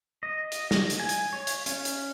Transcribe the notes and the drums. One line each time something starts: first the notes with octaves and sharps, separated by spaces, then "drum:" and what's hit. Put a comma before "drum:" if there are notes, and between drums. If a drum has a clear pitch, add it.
D#5
drum: hi-hat
drum: snare
drum: hi-hat
G#5
drum: hi-hat
C#5
drum: hi-hat
C#4, drum: hi-hat
drum: hi-hat